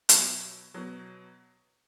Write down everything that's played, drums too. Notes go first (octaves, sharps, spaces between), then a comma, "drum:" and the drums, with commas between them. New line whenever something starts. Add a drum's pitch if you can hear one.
B2 F#3 C#6, drum: hi-hat
B2 F#3